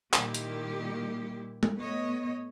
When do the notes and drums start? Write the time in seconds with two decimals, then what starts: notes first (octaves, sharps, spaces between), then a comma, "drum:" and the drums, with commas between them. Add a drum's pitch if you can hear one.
0.13 A#2 D#3 G3 E4 G4, drum: clap
0.34 drum: hi-hat
1.63 drum: tom G#3
1.77 A2 B3 C#5 D#5